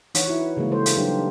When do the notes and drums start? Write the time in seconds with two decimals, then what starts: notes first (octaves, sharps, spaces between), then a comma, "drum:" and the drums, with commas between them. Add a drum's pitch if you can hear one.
0.15 E3 D#4 C#5 F#5, drum: hi-hat
0.28 E4 F#4
0.57 C#3 E3 G3 G#3 A#3
0.71 G#3 A#3 A4 C5
0.86 drum: hi-hat
0.97 F#3 G3 D4 D#4 G4